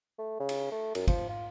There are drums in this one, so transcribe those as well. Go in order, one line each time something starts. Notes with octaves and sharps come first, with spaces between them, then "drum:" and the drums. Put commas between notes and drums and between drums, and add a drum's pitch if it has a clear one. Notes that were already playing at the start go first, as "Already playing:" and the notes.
A3
C#3
drum: cymbal
A3
F#2, drum: cymbal
F3, drum: kick, cymbal
F4